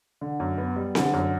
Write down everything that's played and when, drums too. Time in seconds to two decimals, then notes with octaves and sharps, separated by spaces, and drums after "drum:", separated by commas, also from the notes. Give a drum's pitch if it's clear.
0.21 D3
0.40 F#2
0.58 B3
0.76 G3
0.95 D3, drum: snare C4
1.13 F#2